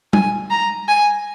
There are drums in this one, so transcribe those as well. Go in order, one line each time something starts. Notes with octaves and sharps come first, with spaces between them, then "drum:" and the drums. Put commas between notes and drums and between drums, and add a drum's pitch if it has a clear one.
G#5, drum: tom G3
A#5
G#5